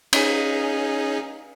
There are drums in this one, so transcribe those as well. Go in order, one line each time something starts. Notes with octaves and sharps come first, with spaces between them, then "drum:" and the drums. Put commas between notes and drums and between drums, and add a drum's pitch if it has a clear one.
C#4 D#4 G#4, drum: cymbal